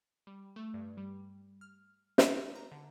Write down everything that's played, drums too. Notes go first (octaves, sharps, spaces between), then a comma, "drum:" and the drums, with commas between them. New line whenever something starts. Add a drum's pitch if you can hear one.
G3
A3
G2
G3
F6
drum: snare
A#5
D3